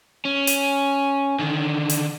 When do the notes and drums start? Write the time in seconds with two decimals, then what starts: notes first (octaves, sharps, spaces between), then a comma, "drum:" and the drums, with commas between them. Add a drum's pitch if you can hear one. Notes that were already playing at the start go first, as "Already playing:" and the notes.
0.25 C#4
0.47 drum: hi-hat
1.39 D3 D#3
1.90 drum: hi-hat